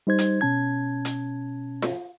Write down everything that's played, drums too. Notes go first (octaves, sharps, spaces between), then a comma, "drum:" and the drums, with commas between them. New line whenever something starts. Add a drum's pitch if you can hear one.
G3 D#4 C5 G#6
drum: hi-hat
B2 C#4 A5 G#6
drum: hi-hat
drum: snare F4